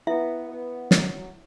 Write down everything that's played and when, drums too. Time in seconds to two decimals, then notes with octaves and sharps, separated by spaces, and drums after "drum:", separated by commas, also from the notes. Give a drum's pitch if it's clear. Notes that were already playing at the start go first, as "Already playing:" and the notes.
0.07 B3 E4 E5
0.48 B3
0.91 F#3, drum: snare